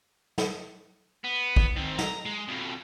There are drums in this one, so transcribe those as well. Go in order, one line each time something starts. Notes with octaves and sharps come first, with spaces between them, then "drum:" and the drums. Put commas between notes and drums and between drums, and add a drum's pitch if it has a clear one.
drum: snare
B3
drum: kick
D#3 C4
A#5, drum: snare
G#3
F2 B2